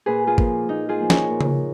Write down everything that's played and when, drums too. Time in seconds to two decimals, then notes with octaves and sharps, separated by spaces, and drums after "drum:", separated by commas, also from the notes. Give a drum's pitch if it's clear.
0.06 A#2 G#4 B4
0.27 F4 G#4
0.38 F3 A#3, drum: kick
0.68 A#2 D#4
0.89 F4 G#4
1.00 F3 A#3
1.10 A#4 C#5, drum: snare
1.31 A#2
1.41 drum: tom C#3